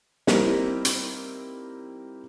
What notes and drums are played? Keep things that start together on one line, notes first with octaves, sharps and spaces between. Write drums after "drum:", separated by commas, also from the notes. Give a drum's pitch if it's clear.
G3 A#3 C4 D#4 E4, drum: snare
drum: hi-hat